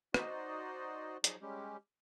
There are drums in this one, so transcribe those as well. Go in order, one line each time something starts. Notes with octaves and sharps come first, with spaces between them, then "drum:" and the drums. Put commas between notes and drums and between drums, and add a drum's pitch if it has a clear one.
D#4 F#4 C5 D5 D#5, drum: rim click
F3 F#3 D#4 G#4 D5, drum: hi-hat
G3 G#3 C#4 G4